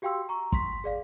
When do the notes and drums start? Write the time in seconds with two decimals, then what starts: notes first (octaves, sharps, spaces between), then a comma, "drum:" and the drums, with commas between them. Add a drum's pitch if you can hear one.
0.02 F#4 G4 F5 G5 C6 E6
0.29 A#5 C#6
0.52 C6 B6, drum: kick
0.84 G#4 D5 F5